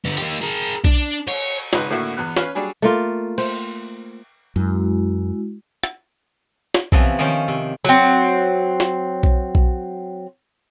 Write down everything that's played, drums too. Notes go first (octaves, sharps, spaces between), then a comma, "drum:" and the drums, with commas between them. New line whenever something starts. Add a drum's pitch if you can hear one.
D3 B3
A#3 G4, drum: hi-hat
G#4 A#4
D4, drum: kick B1
C#5, drum: cymbal
G#1 C#2 D#4 B4, drum: snare
A2 D3 A#3 E4 F#4
E2 B3 F#6
C#4 B4 F5, drum: snare
F#3 G3 D4 G#4
A3 A#3 F4
C5, drum: cymbal
F#2 G#3 E4 F#4
drum: rim click
drum: snare
C3 E3 F3 B3 C#4, drum: kick B1
D#3 F3 C#4 C5 G5
C3
F#3 C4
drum: snare
drum: kick B1
drum: kick B1